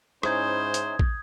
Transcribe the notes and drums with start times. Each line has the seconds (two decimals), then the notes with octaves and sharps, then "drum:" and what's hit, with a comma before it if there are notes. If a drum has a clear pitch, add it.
0.23 G#2 C#4 D#4 E4 C5 D#6 G6 G#6, drum: rim click
0.74 drum: hi-hat
0.99 drum: kick